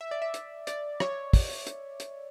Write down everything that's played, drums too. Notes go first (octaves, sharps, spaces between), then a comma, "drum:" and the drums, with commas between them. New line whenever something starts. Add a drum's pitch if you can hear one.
E5
D5
E5
drum: hi-hat
D5, drum: hi-hat
C#5, drum: rim click
drum: kick, open hi-hat
drum: hi-hat
drum: hi-hat